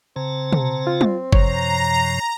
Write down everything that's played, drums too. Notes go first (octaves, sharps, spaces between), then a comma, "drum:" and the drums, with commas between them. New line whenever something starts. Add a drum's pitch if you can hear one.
C#3 C4 A5 A#5
drum: tom
F4
drum: tom
F#2 C3 F3 C#5 A#5, drum: kick G1